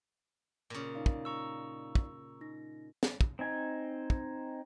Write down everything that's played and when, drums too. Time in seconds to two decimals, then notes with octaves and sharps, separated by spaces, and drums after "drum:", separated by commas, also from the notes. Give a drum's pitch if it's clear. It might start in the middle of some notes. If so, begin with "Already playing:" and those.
0.70 A#2 C#3
0.95 D#4 D5 F5
1.06 drum: kick
1.25 A#5 C#6 E6
1.95 drum: kick
2.41 D#4 A#6
3.03 drum: snare
3.21 drum: kick
3.39 C4 D#4 G#5
4.10 drum: kick